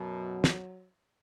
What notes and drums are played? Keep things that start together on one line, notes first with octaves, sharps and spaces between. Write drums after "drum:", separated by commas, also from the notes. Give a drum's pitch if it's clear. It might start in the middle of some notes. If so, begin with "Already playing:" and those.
Already playing: F#2 B2 F#3
drum: snare